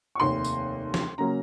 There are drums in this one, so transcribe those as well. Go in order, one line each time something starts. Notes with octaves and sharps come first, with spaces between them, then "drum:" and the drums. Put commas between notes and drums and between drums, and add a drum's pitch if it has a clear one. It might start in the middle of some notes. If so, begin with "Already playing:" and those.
C#6
F1 D#2 D#3 C6
drum: tambourine
drum: snare
C#3 F#3 A#3 C#4 A#5